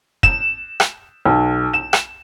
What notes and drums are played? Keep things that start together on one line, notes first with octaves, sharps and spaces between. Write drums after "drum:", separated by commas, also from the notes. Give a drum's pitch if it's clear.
E7, drum: kick
drum: rim click
B1
E7
drum: rim click